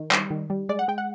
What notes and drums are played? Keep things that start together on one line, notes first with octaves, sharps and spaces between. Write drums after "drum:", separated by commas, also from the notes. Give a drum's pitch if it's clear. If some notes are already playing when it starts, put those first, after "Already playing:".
Already playing: D#3
G3, drum: clap
D#3
G3
G#3 D5
F#5
G#3 G5
F#5